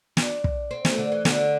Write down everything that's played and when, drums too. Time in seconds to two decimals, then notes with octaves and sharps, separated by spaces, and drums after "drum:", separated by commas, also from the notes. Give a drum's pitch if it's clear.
0.17 D4, drum: snare
0.44 drum: kick
0.71 C4
0.85 A3, drum: snare
0.98 D3
1.12 E3
1.25 D3, drum: snare